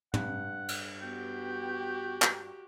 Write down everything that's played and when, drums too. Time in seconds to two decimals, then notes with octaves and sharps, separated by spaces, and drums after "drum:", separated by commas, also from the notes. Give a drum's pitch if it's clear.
0.14 G2 F#5, drum: tom
0.68 drum: cymbal
1.01 B3 F#4 G4 G5
2.22 drum: clap